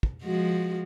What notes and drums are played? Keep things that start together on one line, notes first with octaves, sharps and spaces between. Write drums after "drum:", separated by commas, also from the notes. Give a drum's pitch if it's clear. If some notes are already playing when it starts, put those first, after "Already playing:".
drum: kick
F3 G#3 F#4